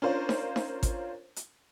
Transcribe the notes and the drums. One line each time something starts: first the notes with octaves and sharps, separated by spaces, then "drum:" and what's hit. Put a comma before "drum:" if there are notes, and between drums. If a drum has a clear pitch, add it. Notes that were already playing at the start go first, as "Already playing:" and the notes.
C#4 D4 F4 A#4 C5 C#5
drum: snare D#4
drum: snare D#4
drum: kick G#1, hi-hat
drum: hi-hat